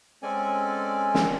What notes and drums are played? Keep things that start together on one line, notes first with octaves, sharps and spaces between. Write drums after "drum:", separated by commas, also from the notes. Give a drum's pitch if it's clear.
G#3 C4 C#4 A4 D5 G#5
drum: snare